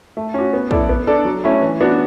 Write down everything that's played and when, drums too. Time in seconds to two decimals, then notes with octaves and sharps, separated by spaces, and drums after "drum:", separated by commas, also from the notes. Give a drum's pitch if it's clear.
0.17 A3
0.34 C#4 F#4
0.53 B3
0.71 E4 A4 D5, drum: kick
0.89 B3
1.07 D4 A4 D5
1.25 F#3
1.44 A3 C#4 E4
1.61 E3
1.81 B3 D4 F#4